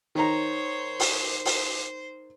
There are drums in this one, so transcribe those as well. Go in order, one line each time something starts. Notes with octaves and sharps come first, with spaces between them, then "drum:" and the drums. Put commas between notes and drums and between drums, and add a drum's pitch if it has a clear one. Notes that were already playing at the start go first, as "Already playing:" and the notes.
D#3 C5 C#5 A#5
drum: open hi-hat
C5
drum: open hi-hat